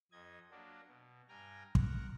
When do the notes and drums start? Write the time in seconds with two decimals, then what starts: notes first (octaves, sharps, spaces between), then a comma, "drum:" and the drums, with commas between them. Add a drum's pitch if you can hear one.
0.12 F2 D#5 G#6
0.51 F#3 A#3 D4
0.88 B2
1.29 G2 G5 G#5 A#5 F6
1.75 A#4 F#5 A#5, drum: kick